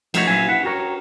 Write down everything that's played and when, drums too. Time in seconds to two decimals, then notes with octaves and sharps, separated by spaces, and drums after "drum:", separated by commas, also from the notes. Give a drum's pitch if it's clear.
0.14 F3 A3 D#4 E4 F#4 C#5, drum: cymbal
0.27 A#2 F#3 E4 F5 G#5
0.48 E4 F#5
0.64 F#4 G4 A#4 C#5